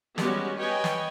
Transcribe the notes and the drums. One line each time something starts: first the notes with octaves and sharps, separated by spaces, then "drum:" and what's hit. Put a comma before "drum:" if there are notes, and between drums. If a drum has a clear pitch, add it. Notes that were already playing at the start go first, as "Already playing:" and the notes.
G3 G#3 B3 C#4 F#4 G4, drum: snare
B4 C#5 D#5 G5 G#5
drum: snare